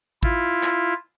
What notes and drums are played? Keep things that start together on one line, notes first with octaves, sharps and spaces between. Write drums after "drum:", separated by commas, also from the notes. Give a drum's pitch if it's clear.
E4 F4, drum: kick A1
drum: clap